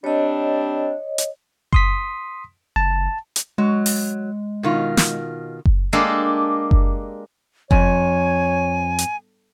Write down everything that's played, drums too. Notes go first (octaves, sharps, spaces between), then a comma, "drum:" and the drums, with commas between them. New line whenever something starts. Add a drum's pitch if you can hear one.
G3 C4 D4 C#5 D#5
drum: hi-hat
C6 D#6 B6, drum: kick F#1
F#1 A5
drum: hi-hat
F#3 G#3
drum: open hi-hat
B2 D#3 F4
drum: snare
drum: kick F#1
G#3 A#3 D4 G4 A4
drum: kick F#1
F2 C#5 G#5, drum: kick F#1
drum: hi-hat